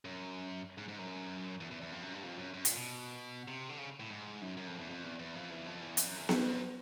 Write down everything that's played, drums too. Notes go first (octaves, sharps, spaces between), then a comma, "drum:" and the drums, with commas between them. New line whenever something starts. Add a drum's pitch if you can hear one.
F#2
G#2
G#2
F#2
E2
E2
E2
F2
F#2
G2
F2
F#2
F#2
A#2, drum: hi-hat
B2
C3
D3
C#3
A2
G#2
F#2
F#2
F2
E2
F2
E2
E2
F2
E2
F2
E2
F2, drum: hi-hat
F#2
E2
F2, drum: snare B3
F#2